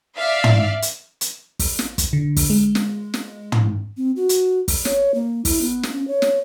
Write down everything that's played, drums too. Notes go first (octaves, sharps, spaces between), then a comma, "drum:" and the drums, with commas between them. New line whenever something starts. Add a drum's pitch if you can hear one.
D5 E5 F5
drum: tom
drum: hi-hat
drum: hi-hat
drum: kick, open hi-hat
drum: snare
drum: kick, hi-hat
D3
drum: kick, open hi-hat
G#3
drum: snare
drum: snare
drum: tom
C4
F#4
drum: hi-hat
drum: kick, open hi-hat
C#5, drum: snare
A#3
E4, drum: kick, open hi-hat
B3
drum: snare
C#4
C#5
drum: snare